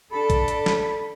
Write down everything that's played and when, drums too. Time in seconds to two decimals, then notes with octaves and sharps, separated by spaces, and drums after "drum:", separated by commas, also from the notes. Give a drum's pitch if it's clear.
0.11 D4 A4 B5
0.30 drum: kick, hi-hat
0.48 drum: hi-hat
0.66 drum: snare